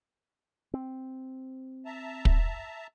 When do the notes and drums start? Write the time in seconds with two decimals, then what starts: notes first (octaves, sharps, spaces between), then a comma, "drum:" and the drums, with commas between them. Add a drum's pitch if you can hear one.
0.74 C4
1.85 E5 A5 A#5
2.25 drum: kick